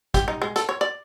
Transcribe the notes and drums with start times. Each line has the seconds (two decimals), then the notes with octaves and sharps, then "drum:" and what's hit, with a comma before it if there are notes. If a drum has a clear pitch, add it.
0.14 G4, drum: kick, hi-hat
0.28 D#4
0.42 G#3
0.56 A4, drum: hi-hat
0.69 C#5
0.81 D5